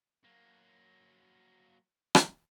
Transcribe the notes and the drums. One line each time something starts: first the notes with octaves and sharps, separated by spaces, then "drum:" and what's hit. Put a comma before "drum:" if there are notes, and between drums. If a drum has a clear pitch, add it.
F#3 A#3
drum: rim click